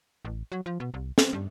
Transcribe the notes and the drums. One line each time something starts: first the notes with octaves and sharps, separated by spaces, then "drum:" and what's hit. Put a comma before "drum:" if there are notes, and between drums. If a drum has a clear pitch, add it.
A1
F#3
F3
B2
C2
C4, drum: snare
G2